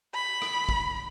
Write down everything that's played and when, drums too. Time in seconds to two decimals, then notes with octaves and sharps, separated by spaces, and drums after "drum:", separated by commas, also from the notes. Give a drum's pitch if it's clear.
0.15 B5
0.42 drum: rim click
0.69 drum: kick